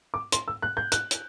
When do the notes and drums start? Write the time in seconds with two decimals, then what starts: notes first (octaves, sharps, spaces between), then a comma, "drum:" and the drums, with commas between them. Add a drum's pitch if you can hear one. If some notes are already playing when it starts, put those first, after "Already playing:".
0.14 D6
0.32 C6, drum: hi-hat
0.48 E6
0.62 F#6
0.77 G6
0.92 F#6, drum: hi-hat
1.11 drum: hi-hat